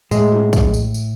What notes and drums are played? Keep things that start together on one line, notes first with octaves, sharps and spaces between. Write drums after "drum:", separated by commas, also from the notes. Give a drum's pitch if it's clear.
A2 G#3 A3, drum: tambourine
drum: tom
drum: kick, tambourine
drum: tambourine
drum: tambourine